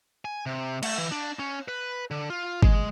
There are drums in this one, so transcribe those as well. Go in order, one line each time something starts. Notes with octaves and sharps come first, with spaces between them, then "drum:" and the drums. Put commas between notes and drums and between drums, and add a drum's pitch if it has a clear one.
G#5
C3
A3, drum: cymbal
E3
D4
C#4
B4
D3
F4
G#3, drum: kick G1